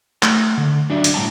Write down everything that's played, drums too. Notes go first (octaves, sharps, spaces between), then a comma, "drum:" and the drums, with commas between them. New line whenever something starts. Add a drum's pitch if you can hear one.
A3, drum: clap
D3
F#3 D4 G4 D5 E5
drum: hi-hat
A2 G3 C#5 G5 A5 A#5